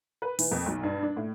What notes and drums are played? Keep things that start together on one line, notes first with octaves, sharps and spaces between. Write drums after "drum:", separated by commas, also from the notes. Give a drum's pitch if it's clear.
B4
E3, drum: open hi-hat
F2
B1
G2
D4
A2